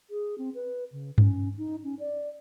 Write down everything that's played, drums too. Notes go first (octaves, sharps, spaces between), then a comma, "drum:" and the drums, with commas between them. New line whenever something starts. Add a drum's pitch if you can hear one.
G#4
C4
B4
C#3
C#4, drum: tom G2
D#4
C#4
D5